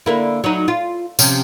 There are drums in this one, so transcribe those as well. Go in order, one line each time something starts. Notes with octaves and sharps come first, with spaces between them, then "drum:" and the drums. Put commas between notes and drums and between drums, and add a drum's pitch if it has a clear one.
D3 A#3 E4
F#3 D#4
F4
C3 F3 C#4, drum: tambourine